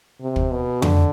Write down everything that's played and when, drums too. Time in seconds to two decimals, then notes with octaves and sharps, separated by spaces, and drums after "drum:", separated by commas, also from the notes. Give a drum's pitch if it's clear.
0.21 C3
0.36 drum: kick
0.51 B2
0.82 D3, drum: tom F2